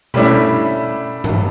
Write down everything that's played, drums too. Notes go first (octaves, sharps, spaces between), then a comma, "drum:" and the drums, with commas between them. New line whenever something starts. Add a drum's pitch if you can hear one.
G3 A3 C#4 D4 E4, drum: tom B2
drum: tom G2